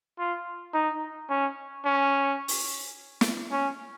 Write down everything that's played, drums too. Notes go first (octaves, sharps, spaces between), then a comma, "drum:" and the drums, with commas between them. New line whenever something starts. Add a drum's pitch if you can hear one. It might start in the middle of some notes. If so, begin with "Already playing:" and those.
F4
D#4
C#4
C#4
drum: open hi-hat
drum: snare
C#4